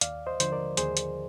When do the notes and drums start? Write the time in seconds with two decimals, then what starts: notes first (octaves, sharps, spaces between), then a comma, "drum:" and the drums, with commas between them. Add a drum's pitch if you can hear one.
0.01 D#2 D5 F5, drum: hi-hat
0.26 C5 D#5
0.40 D3 F3 C5, drum: hi-hat
0.52 A#4 D5
0.77 D#2 G#4 C5, drum: hi-hat
0.97 drum: hi-hat